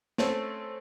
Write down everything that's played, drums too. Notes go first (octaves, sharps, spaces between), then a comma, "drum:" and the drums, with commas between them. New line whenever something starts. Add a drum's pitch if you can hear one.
A3 C4 C#4, drum: snare